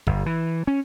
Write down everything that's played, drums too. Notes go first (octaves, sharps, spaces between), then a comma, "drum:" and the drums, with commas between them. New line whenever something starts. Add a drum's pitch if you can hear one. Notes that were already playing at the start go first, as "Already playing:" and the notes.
G1, drum: kick
E3
C#4